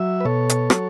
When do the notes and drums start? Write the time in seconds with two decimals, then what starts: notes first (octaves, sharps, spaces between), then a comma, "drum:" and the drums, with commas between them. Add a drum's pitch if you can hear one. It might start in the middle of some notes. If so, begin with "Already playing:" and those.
Already playing: F#3 E5
0.20 B4
0.25 B2 A4 C#5
0.49 drum: hi-hat
0.70 F#3, drum: rim click